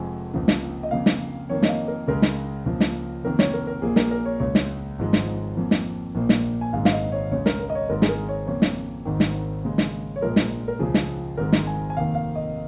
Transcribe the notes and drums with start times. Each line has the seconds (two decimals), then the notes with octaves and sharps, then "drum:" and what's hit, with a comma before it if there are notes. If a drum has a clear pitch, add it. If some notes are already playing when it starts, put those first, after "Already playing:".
Already playing: F1 F2 F3 G#3 G#5
0.34 C#2 C#3 F3 A#3
0.48 drum: snare
0.83 D#5
0.91 F2 C#3 A#3 F5
1.06 drum: snare
1.49 F2 D#3 A#3 C#5
1.63 D#5, drum: snare
1.69 F5
1.88 A#4
2.08 C#2 C#3 G#3 A#4
2.22 drum: snare
2.66 C#2 C#3 F3 A#3
2.80 drum: snare
3.24 F1 F2 D#3 A#3 A#4
3.39 C#5, drum: snare
3.54 A#4
3.67 A#4
3.82 A#1 A#2 A#3 G#4
3.96 A#4, drum: snare
4.11 A#4
4.25 C#5
4.40 C#2 C#3 G#3 C#5
4.55 drum: snare
4.99 G#1 G#2 F3 G#3
5.13 drum: snare
5.57 F2 F3 A#3
5.71 drum: snare
6.15 A#1 A#2 A#3
6.29 drum: snare
6.61 G#5
6.73 G#1 G#2 G#3 F5
6.85 F5, drum: snare
6.92 D#5
7.12 C#5
7.31 C#2 C#3 G#3 C#5
7.46 A#4, drum: snare
7.60 A#4
7.70 D#5
7.75 C#5
7.89 G#1 G#2 G#3 A#4
8.02 G#4, drum: snare
8.09 A#4
8.28 C#5
8.47 F2 C#3 A#3 C#5
8.62 drum: snare
9.05 G#1 G#2 D#3
9.20 drum: snare
9.63 D#2 C#3 G#3
9.78 drum: snare
10.16 C#5
10.21 A#1 A#2 F3 G#3 A#4
10.36 drum: snare
10.68 A#4
10.79 C#2 C#3 F3 G#4
10.94 drum: snare
11.37 G#1 G#2 D#3 G#3 A#4
11.52 drum: snare
11.67 G#5
11.90 G#5
11.96 F1 D#2 D#3 F5
12.15 F5
12.35 D#5